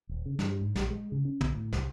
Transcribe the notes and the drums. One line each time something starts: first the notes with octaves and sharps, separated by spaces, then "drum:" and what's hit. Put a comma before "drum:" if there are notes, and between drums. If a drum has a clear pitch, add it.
D#1
C#3
G2, drum: snare
G#2
A#1, drum: snare
G#3
C#3
C#4
B1, drum: tom
A2
C2, drum: snare